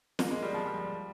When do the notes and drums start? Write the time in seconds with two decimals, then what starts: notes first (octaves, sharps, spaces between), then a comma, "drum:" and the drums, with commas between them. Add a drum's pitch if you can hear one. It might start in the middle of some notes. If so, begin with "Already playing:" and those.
0.19 A#3, drum: snare
0.31 G#3
0.43 G3
0.54 F3
0.66 G3
0.78 G3